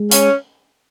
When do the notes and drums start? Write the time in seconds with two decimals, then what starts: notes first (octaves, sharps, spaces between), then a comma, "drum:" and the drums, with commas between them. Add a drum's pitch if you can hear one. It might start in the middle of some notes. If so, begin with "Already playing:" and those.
Already playing: G#3
0.11 C#4, drum: hi-hat